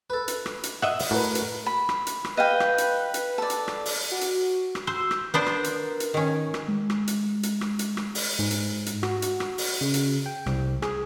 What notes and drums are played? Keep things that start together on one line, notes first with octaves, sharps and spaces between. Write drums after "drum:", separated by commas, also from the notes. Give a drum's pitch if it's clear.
A4 B4
drum: hi-hat
drum: rim click
drum: hi-hat
D#5 E5 F#5, drum: rim click
drum: open hi-hat
A2 F#4 A#4 B4
drum: hi-hat
B5
drum: rim click
drum: hi-hat
drum: rim click
B4 D#5 F5 G5
drum: rim click
drum: hi-hat
drum: hi-hat
A4 D5
drum: hi-hat
drum: rim click
drum: open hi-hat
F#4
drum: hi-hat
drum: rim click
C5 E6
drum: rim click
B3 D4 A#4 C5
drum: rim click
drum: hi-hat
drum: hi-hat
D#3 C#4
drum: rim click
G#3
drum: rim click
drum: hi-hat
drum: hi-hat
drum: rim click
drum: hi-hat
drum: rim click
drum: open hi-hat
G#2
drum: hi-hat
drum: hi-hat
F#4, drum: rim click
drum: hi-hat
drum: rim click
drum: open hi-hat
C#3
drum: hi-hat
G5
C2, drum: rim click
G#4, drum: rim click